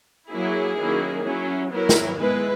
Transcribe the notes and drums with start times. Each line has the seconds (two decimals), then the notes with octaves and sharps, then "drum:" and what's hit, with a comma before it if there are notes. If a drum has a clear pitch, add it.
0.29 F#3 A#3 E4 G#4
0.77 D#3 F#3 A#3 C#4 E4
1.25 F#3 C#4 E4
1.72 F#3 B3 E4 A#4
1.89 drum: snare
2.19 G#3 B3 E4 B4